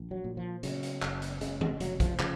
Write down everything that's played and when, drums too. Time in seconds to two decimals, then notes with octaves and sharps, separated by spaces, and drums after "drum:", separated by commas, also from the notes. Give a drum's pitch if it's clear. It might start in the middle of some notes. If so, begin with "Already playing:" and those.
Already playing: A#1
0.11 F#3
0.24 A#2
0.37 F3
0.63 C#3 F#3, drum: hi-hat
0.83 drum: hi-hat
1.02 F#1, drum: clap
1.22 drum: hi-hat
1.41 C#3 G#3, drum: hi-hat
1.61 G#3, drum: tom D#3
1.74 G#3
1.80 F1 F#3, drum: hi-hat
2.00 F3, drum: kick A#1, hi-hat
2.19 C#3 F3, drum: clap